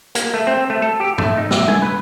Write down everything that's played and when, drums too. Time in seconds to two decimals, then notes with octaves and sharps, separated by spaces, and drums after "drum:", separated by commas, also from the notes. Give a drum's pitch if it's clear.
0.15 A#3, drum: hi-hat
0.34 A3
0.47 C4
0.70 A3
0.82 A4
1.00 G4
1.18 A3, drum: tom
1.37 D#4
1.51 E5, drum: snare
1.68 G#5, drum: tom
1.82 B4